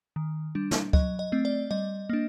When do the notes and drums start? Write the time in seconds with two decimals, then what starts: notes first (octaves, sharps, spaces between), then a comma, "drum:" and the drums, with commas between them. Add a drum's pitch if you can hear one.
0.16 D#3
0.55 G3 D4
0.71 drum: snare
0.93 F#3 D#5, drum: kick C#2
1.19 D#5
1.32 A3 C4
1.45 D5
1.71 G3 D#5
2.09 A#3 D4